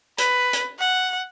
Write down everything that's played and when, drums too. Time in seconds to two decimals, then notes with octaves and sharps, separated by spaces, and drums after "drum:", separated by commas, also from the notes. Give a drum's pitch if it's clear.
0.18 B4, drum: hi-hat
0.53 drum: hi-hat
0.79 F#5